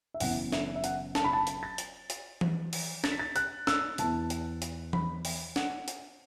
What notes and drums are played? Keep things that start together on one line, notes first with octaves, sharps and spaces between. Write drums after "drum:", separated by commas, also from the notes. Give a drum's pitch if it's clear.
E5
F#1 F#2 E3 B3 E4 F#5, drum: open hi-hat
E5, drum: snare
E5
F#5, drum: hi-hat
A5, drum: snare
B5
A5
drum: hi-hat
A6
drum: hi-hat
drum: hi-hat
drum: tom E3
drum: open hi-hat
A6, drum: snare
B6
A6
F#6, drum: hi-hat
E6, drum: snare
E2 E3 B3 E4 A5, drum: hi-hat
drum: hi-hat
drum: hi-hat
B5, drum: tom E3
drum: open hi-hat
F#5, drum: snare
drum: hi-hat